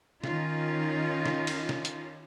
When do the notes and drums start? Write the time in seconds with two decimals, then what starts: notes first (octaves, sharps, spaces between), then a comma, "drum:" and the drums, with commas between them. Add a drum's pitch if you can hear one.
0.24 D#3 C#4 D#4 F4, drum: snare
1.26 drum: snare
1.47 drum: cymbal
1.69 drum: snare
1.85 drum: hi-hat